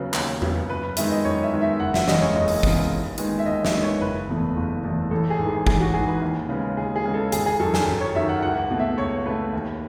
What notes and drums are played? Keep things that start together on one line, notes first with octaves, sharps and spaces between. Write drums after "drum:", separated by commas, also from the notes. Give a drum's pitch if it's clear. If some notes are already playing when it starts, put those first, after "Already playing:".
Already playing: D#2 C#3 F#3 B3
D#2, drum: clap
C#3 F#3 B3, drum: tom E2
F#2 B4
B4
D#3 G#3 B3 E5, drum: hi-hat
D#5
F#2 C#5
E5
D#3 G#3 B3
E5
F#1 F#5
E5, drum: snare
E2 C#3 G#3 B3 D#5, drum: snare
C#5
F#1 D#5
drum: open hi-hat
E2 C#3 G#3 B3, drum: kick
D#2
D#3 G#3 B3, drum: hi-hat
E5
D#2 D#5
E5, drum: snare
D#3 G#3 B3
C#5
F#1 B4
E2 B2 A3
F#1
E2 B2 A3
A1 A4
G#4
G#2 E3
G#4
A1 G#4, drum: kick
F#4
G#2 E3 G#4
B4
D#2
C#3 G#3 B3
D#2 G#4
G#4
C#3 G#3 B3
A4
G#1 G#4, drum: hi-hat
G#4
F#2 D#3 F#3 A4
G#4, drum: snare
G#1
C#5
F#2 D#3 F#3 E5
F#5
C#2 F#5
B2 A3
E5
C#2 C#5
B2 A3 B4
D#2